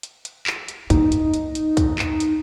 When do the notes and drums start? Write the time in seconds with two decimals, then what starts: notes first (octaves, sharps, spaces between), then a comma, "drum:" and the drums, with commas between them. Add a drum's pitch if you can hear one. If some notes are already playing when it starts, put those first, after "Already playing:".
0.03 drum: hi-hat
0.25 drum: hi-hat
0.47 drum: clap
0.68 drum: hi-hat
0.90 A#3 D#4, drum: kick, hi-hat
1.12 drum: hi-hat
1.34 drum: hi-hat
1.55 drum: hi-hat
1.77 drum: kick, hi-hat
1.99 drum: clap
2.20 drum: hi-hat